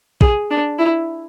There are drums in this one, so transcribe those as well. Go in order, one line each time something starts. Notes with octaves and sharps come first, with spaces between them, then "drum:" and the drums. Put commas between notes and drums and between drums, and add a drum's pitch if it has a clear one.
G#4, drum: kick
D4
E4